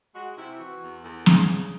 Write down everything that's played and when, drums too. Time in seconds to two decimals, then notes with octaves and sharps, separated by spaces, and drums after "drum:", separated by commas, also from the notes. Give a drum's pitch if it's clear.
0.15 G#3 F#4
0.36 C3 E4
0.59 E3 F#4
0.82 E2
1.03 E2 A4
1.26 C#3, drum: snare